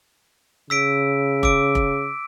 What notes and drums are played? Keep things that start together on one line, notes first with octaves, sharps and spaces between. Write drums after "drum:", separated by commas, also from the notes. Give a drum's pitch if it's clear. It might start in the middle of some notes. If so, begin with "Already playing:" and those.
C#3 E6 B6 D7
D6 E6 D7, drum: kick F1
drum: kick F1